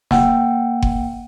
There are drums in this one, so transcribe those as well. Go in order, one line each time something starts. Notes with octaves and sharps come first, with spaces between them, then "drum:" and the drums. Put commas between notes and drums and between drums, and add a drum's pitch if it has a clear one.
A#3 F#5 G5, drum: snare
drum: kick F#1